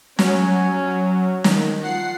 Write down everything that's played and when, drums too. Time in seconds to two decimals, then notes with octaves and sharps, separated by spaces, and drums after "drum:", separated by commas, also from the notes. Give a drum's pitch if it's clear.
0.19 F#3 C#4, drum: snare
0.87 F#3
1.44 D#3, drum: snare
1.83 F3 F#5 C7